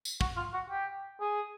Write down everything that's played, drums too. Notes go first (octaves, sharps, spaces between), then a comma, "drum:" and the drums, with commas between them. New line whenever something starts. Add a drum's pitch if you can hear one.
drum: tambourine
F#4, drum: kick
F4
F#4
G4
G#4